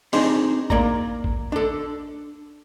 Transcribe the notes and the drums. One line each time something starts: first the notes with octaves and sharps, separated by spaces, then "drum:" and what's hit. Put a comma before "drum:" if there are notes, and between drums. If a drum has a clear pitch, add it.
C4 D4 D#4 G#4, drum: open hi-hat
A#3 D5 A#5, drum: kick A1
drum: kick A1
D4 A4